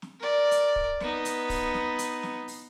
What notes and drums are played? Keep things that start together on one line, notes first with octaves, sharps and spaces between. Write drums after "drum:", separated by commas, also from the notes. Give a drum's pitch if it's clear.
drum: snare
A#4 D5
drum: hi-hat
drum: kick
B3 D#4, drum: snare
drum: hi-hat
drum: kick, open hi-hat
drum: snare
drum: hi-hat
drum: snare
drum: open hi-hat